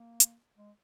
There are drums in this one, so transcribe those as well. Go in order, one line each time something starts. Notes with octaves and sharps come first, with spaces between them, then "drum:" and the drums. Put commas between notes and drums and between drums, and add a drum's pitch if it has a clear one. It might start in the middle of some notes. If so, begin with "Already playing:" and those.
Already playing: A#3
drum: hi-hat
G#3